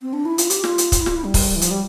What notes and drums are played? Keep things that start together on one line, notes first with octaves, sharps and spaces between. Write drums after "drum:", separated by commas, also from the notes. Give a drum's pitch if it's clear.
C4
D4
E4
F4, drum: hi-hat
G4, drum: hi-hat
F4, drum: snare
drum: hi-hat
drum: kick, hi-hat
E4
F4, drum: snare
E4
G3
drum: kick, open hi-hat
E3
F3, drum: hi-hat
G3